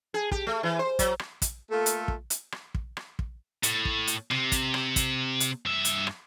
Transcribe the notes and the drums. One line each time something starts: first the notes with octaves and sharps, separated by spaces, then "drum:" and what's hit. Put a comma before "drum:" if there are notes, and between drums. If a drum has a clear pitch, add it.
G#4
G4, drum: kick
A3
E3
C5
F#3, drum: kick, hi-hat
drum: rim click
drum: kick, hi-hat
A3 A#3 F4 A4
drum: hi-hat
drum: kick
drum: hi-hat
drum: rim click
drum: kick
drum: rim click
drum: kick
A2, drum: hi-hat
drum: kick
drum: hi-hat
C3, drum: rim click
drum: kick, hi-hat
drum: rim click
drum: kick, hi-hat
drum: hi-hat
G2 E5
drum: hi-hat
drum: rim click